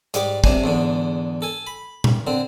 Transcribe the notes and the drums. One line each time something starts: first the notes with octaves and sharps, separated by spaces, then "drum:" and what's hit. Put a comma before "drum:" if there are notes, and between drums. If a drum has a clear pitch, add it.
G#2 G3 G4, drum: hi-hat
C3 D4 G#5, drum: kick
E2 G#2 D3
A4 G#5
B5
drum: tom A#2
D3 C4